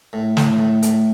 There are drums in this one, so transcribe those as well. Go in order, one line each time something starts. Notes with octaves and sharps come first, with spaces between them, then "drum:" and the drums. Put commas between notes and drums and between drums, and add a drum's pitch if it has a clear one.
A2
A2, drum: snare
A2
A2, drum: hi-hat